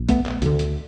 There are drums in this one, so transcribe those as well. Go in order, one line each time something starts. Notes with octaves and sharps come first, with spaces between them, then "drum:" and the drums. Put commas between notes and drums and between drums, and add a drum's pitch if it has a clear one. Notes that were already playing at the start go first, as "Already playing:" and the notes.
Already playing: A#1
A3 B3, drum: kick, hi-hat
drum: clap
D2 D3, drum: hi-hat
drum: hi-hat